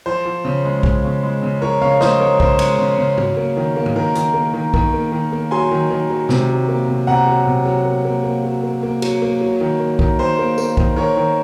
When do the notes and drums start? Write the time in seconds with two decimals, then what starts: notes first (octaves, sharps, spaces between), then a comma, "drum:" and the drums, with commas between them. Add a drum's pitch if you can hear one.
0.06 F3 C5
0.26 F3
0.45 C#3
0.65 G#3
0.83 G#3, drum: kick
1.04 C#3
1.23 G#3
1.42 C#3
1.61 F3 A#4 C#5
1.81 C#3 C#5 F5
2.00 F3 C5 D#5, drum: snare
2.20 G#3 A#4 C#5
2.40 C#3 C5, drum: kick
2.59 G#3, drum: cymbal
2.79 C#3
2.98 C#3
3.18 F#3, drum: tom
3.37 A#3
3.57 D#3
3.76 A#3
3.86 drum: tom
3.95 D#3 A#4
4.15 D#3, drum: hi-hat
4.34 A#3
4.53 D#3
4.74 D#3, drum: kick
4.94 A#3
5.12 D#3
5.32 A#3
5.51 F#3 G#5 C6
5.71 D#3
5.90 D#3
6.10 F#3
6.29 C3, drum: snare
6.49 F#3
6.68 A#3
6.88 C3
7.07 C3 F#5 A#5
7.27 F#3
7.47 C3
7.65 F#3
7.85 A#3
8.05 A#3
8.24 A#3
8.44 F#3
8.63 A#3
8.83 A#3
9.02 F#3, drum: cymbal
9.22 A#3
9.41 F#3
9.61 D#3
9.80 A#3
9.99 D#3, drum: kick
10.19 D#3 C5
10.39 A#3
10.58 A#3, drum: tambourine
10.77 D#3, drum: kick
10.96 D#3 A#4 C#5
11.17 D#3